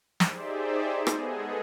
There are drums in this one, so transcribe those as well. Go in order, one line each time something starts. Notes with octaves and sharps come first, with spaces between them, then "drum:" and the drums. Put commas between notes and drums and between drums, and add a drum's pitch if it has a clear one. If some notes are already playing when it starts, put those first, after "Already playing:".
D#4 G4 G#4 C5 D5 E5, drum: snare
G#3 B3 G#4 A4 D#5, drum: rim click